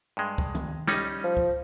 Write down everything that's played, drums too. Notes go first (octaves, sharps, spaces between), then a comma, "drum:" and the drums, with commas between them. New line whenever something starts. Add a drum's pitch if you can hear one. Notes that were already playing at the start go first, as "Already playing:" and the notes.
G2 G#3
drum: kick C#2
drum: tom D#3
G3 C#4 D#4, drum: snare
F3
drum: kick C#2